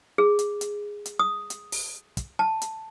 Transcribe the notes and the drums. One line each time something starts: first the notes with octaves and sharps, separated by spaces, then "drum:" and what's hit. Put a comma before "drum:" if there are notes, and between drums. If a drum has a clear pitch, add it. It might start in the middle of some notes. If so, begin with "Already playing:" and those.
G#4
drum: hi-hat
drum: hi-hat
drum: hi-hat
D#6
drum: hi-hat
drum: open hi-hat
drum: kick, hi-hat
A5
drum: hi-hat